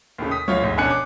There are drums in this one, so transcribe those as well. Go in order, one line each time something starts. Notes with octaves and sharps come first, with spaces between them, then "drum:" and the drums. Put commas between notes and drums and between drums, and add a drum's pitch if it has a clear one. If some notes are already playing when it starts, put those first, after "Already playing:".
D#2 A2 C#3
D#6 B6
D2 F4 C#5, drum: tom F3
A1 D2 G#2
E1 C#4 D4 G#5 F#6 C#7
D6